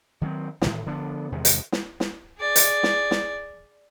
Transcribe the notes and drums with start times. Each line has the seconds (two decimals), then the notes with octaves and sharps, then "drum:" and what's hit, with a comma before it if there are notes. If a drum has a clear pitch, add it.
0.21 D#3 F#3 B3 C4
0.62 A2 C3 D#3 E3, drum: snare
0.86 D3 F3 B3 D4
1.32 E2 C3 D#3 G#3
1.45 drum: hi-hat
1.72 drum: snare
2.00 drum: snare
2.39 G#4 D5
2.56 drum: hi-hat
2.83 drum: snare
3.11 drum: snare